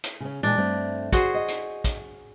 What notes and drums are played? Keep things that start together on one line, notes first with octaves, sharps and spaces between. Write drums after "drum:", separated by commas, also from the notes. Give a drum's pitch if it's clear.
drum: hi-hat
C#3 C#4
A#2 E3 G#3 D4
G2 A3 C4
F#4 G#4 C5, drum: kick, hi-hat
D#5
drum: hi-hat
drum: kick, hi-hat